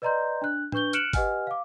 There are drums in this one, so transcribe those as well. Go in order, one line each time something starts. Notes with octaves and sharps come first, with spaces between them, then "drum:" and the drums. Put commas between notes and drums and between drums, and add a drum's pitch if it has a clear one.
B4 D5 D#5 A#5 C6 G6
D4 F#6
D4 B4 C#6 G6 G7, drum: tom A2
F6 F#6 C#7 D7 E7 F#7, drum: hi-hat
G4 B4 D#5 F#5 G#5 F6, drum: kick G1, open hi-hat
F5 D6